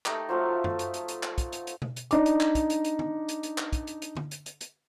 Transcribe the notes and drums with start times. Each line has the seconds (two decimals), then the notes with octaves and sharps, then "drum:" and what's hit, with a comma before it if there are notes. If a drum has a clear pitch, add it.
0.06 A3 D#4 G4, drum: clap
0.29 F3 F#3 A3 F5
0.64 drum: tom F#2
0.79 drum: hi-hat
0.94 drum: hi-hat
1.08 drum: hi-hat
1.23 drum: clap
1.38 drum: kick, hi-hat
1.52 drum: hi-hat
1.67 drum: hi-hat
1.82 drum: tom B2
1.96 drum: hi-hat
2.11 D4 D#4 D6, drum: hi-hat
2.26 drum: hi-hat
2.40 drum: clap
2.55 drum: kick, hi-hat
2.70 drum: hi-hat
2.84 drum: hi-hat
2.99 drum: tom
3.29 drum: hi-hat
3.43 drum: hi-hat
3.58 drum: clap
3.73 drum: kick, hi-hat
3.87 drum: hi-hat
4.02 drum: hi-hat
4.17 drum: tom
4.31 drum: hi-hat
4.46 drum: hi-hat
4.61 drum: hi-hat